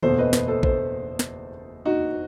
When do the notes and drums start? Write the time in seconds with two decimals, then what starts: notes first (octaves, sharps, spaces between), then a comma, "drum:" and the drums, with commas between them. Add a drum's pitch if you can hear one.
0.03 F#1 E2 B2 A4 C5, drum: tom D3
0.18 B4 D#5
0.33 B4 D#5, drum: snare
0.48 A4 C5
0.63 A4 C5, drum: kick A#1
1.19 drum: snare
1.86 D#4 F#4